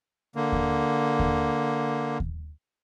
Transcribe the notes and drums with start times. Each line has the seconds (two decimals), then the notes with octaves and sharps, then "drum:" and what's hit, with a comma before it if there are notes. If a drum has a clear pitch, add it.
0.36 D3 A#3
0.52 drum: kick D#2
1.19 drum: kick D#2
2.20 drum: kick D#2